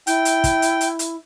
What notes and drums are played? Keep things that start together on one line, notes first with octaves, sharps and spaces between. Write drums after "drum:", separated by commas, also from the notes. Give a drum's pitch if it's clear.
E4 G5, drum: hi-hat
drum: hi-hat
drum: kick, hi-hat
drum: hi-hat
drum: hi-hat
drum: hi-hat